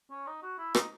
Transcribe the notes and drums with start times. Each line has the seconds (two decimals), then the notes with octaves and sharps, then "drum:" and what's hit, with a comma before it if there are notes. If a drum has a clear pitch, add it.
0.11 C#4
0.27 D#4
0.42 F#4
0.58 E4
0.75 D#4, drum: rim click